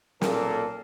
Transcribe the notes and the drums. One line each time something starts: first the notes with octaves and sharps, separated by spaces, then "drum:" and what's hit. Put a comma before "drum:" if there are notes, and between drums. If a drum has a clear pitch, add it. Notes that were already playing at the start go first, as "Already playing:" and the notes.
B1 A#2 A#3 A4 A#4, drum: snare